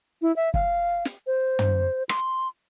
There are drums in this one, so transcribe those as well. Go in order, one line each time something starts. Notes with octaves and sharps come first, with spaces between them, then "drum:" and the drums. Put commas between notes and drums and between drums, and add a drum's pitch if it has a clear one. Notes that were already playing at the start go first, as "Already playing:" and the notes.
E4
E5
F5, drum: kick
drum: snare
C5
drum: tom
C6, drum: rim click